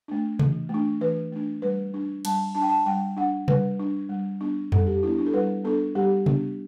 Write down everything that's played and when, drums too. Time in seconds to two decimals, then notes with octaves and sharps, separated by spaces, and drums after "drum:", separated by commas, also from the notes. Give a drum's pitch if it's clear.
0.08 A3 D4
0.39 E3, drum: tom C3
0.69 A3 D4
1.01 E3 B4
1.32 A3 D4
1.62 G3 B4
1.94 D4
2.25 G3 A5, drum: cymbal
2.55 D4 A5
2.62 G5
2.69 A5
2.86 G3 G5
3.17 D4 F#5
3.48 G3 B4, drum: tom C3
3.79 D4
4.09 G3
4.41 B3 D4
4.72 G3 A4, drum: tom F2
4.87 G4
5.03 B3 D4 E4
5.18 D4
5.27 A4
5.34 G3 B4
5.64 B3 D4 A4
5.95 G3 G4
6.26 B3 D4, drum: tom C3